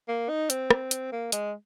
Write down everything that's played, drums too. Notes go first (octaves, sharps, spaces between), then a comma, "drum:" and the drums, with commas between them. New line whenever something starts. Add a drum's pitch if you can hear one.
A#3
D#4
C4, drum: hi-hat
drum: rim click
drum: hi-hat
A#3
G#3, drum: hi-hat